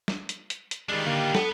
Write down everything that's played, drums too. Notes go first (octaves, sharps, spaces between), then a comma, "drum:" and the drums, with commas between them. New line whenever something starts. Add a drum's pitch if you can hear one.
drum: snare
drum: hi-hat
drum: hi-hat
drum: hi-hat
D#3 G3 G#3 D4 F4
D3 A#3
B3 A4 B4 F#5, drum: snare